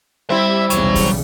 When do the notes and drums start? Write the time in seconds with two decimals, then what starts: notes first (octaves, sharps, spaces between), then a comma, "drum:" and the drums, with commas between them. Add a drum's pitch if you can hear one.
0.30 G3 C4 E4 E5
0.70 B1 E2 C#3 F#3 G3, drum: hi-hat
0.95 drum: kick, open hi-hat